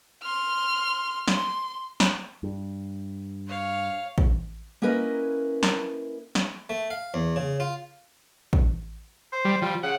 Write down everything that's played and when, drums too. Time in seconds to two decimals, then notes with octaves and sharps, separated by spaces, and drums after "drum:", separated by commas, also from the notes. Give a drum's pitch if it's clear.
0.22 C6 F6
1.28 C6, drum: snare
2.00 drum: snare
2.43 G2
3.47 C#5 F5
4.18 drum: kick
4.82 A#3 C#4 E4 A#4 B4 D#5
5.63 drum: snare
6.35 drum: snare
6.69 A3
6.91 F5
7.14 E2
7.36 C#3
7.60 F4
8.53 drum: kick
9.32 C5
9.45 G3
9.62 F3 G3
9.83 C#3 F#5